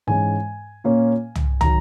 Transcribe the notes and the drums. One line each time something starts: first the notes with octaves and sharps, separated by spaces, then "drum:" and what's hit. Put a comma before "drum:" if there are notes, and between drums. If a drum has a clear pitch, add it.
G#2 E3 G#3 C#4 G#5
A#2 A#3 C#4
drum: tom
D#3 F#3 A#5, drum: tom